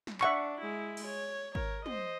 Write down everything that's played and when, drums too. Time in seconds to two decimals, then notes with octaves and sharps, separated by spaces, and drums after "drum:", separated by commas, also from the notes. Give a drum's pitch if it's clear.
0.07 drum: snare
0.21 D4 E5 F#5 C#6, drum: clap
0.61 G#3 E4
0.97 drum: cymbal
1.07 C#5
1.55 A#4 C#5, drum: kick G#1
1.86 C5 D#5, drum: tom